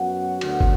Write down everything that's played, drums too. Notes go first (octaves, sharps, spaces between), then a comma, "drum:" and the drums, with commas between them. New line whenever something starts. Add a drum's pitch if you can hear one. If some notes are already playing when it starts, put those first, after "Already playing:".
Already playing: F#2 F#3 B3 F#4 F#5
D2 D3 F#3 B3, drum: cymbal
drum: kick